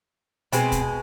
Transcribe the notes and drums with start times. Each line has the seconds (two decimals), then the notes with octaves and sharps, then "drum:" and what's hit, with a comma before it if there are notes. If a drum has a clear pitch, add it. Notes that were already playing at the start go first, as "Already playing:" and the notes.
0.52 B2 G#3 C4, drum: hi-hat
0.72 drum: kick, hi-hat